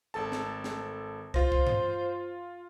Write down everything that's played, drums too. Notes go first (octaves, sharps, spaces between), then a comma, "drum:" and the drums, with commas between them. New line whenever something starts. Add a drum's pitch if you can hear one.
G#1 A4 A5
drum: snare
drum: snare
F4 C5 A#6, drum: kick
drum: kick
drum: tom G2